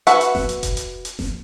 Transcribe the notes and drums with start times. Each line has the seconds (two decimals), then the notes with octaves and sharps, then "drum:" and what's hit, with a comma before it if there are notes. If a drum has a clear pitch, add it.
0.07 F#4 B4 E5 F#5, drum: hi-hat
0.21 drum: hi-hat
0.35 drum: snare F1
0.49 drum: hi-hat
0.63 drum: kick F1, hi-hat
0.77 drum: hi-hat
1.05 drum: hi-hat
1.19 drum: snare F1